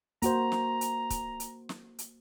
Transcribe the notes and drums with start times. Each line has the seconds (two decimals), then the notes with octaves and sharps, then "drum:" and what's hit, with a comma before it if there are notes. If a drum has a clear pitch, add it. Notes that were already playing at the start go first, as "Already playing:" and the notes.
0.22 A#3 F#4 C5 A#5, drum: hi-hat
0.52 drum: snare
0.81 drum: hi-hat
1.10 drum: kick, hi-hat
1.40 drum: hi-hat
1.69 drum: snare
1.99 drum: hi-hat